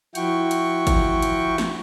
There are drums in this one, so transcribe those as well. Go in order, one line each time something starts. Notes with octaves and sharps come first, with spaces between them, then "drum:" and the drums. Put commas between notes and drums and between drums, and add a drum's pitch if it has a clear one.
F3 E4 F#4 G5 C#6, drum: hi-hat
drum: hi-hat
drum: kick, hi-hat
drum: hi-hat
drum: snare